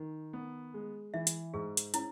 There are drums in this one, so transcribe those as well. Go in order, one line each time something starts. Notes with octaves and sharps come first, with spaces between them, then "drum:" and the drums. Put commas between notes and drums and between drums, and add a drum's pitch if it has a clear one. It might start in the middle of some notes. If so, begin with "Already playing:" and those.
Already playing: D#3
B3
G#3
E3 E5
drum: hi-hat
G#2 G#4
drum: hi-hat
C#4 E4, drum: hi-hat